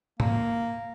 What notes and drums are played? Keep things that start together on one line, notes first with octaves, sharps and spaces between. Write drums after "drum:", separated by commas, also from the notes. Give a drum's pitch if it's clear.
A#3, drum: tom G#2